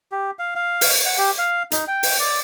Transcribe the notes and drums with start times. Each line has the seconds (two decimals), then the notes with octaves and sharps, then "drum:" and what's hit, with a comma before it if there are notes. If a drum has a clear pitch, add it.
0.12 G4
0.39 F5
0.55 F5
0.81 drum: open hi-hat
1.05 F#5
1.18 G4
1.38 F5
1.72 D#4, drum: hi-hat
1.88 G5
2.03 drum: open hi-hat
2.19 D5